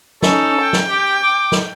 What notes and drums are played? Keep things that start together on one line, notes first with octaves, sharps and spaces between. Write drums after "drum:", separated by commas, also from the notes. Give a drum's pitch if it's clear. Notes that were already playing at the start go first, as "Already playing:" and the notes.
C#4 D#4 A4, drum: snare
G5
drum: snare
G4
D6
drum: snare